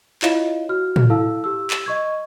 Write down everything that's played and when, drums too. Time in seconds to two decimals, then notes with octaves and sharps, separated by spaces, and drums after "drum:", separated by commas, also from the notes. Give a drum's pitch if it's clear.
0.22 E4 F4 C#5 D#5 F5, drum: clap
0.69 F#4 F6
0.96 drum: tom A2
1.09 E4 A4 F5 A5 E6
1.44 G4 E6
1.70 drum: clap
1.86 D#5 C#6 G#6